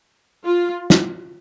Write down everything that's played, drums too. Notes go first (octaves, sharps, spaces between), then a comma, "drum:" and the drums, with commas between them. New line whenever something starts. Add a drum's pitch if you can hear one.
F4
drum: snare